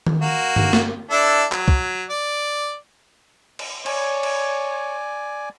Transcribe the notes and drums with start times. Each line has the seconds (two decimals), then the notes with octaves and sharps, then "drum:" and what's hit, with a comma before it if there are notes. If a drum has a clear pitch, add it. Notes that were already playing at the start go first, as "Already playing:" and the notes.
0.07 drum: tom D#3
0.21 A#3 F#4
0.56 drum: tom G2
0.73 drum: snare
1.11 D4 E4 A4
1.52 F#3, drum: clap
1.68 drum: kick
2.10 D5
3.59 drum: cymbal
3.86 C#5 D5 G#5, drum: cymbal
4.23 drum: cymbal